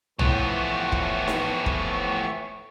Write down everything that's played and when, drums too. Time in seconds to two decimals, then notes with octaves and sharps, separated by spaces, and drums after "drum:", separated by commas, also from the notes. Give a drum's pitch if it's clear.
0.19 A2 E3 F3 B3 C#6, drum: tom
0.92 drum: kick
1.28 drum: snare D#4
1.66 drum: kick